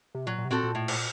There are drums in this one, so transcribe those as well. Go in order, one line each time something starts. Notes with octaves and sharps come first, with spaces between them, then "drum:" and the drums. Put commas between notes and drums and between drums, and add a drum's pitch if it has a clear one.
C3
A#2 F#3
A#2
C3
A#2 C4 F#4 A4
A#2
A2
drum: cymbal